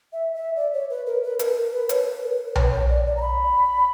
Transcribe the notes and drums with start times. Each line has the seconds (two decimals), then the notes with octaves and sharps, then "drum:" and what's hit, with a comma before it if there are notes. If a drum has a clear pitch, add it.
0.13 E5
0.34 E5
0.56 D5
0.73 C#5
0.90 B4
1.06 A#4
1.23 B4
1.39 A#4, drum: hi-hat
1.56 A#4
1.72 B4
1.89 C#5, drum: hi-hat
2.06 B4
2.23 A#4
2.39 B4
2.56 C#5, drum: tom B1
2.72 C#5
2.89 D5
3.06 D5
3.17 A#5
3.21 B5